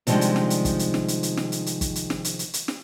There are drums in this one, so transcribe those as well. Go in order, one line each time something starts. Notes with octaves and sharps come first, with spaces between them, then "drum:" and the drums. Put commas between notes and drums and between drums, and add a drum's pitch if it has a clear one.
C3 D#3 F3 G3 G#3 D4, drum: hi-hat
drum: hi-hat
drum: snare
drum: hi-hat
drum: kick, hi-hat
drum: hi-hat
drum: snare
drum: hi-hat
drum: hi-hat
drum: snare
drum: hi-hat
drum: hi-hat
drum: kick, hi-hat
drum: hi-hat
drum: snare
drum: hi-hat
drum: hi-hat
drum: hi-hat
drum: snare